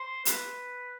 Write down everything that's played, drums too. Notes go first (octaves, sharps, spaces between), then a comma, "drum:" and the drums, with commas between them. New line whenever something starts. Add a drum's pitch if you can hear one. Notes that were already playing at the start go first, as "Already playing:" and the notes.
Already playing: C5
B4, drum: hi-hat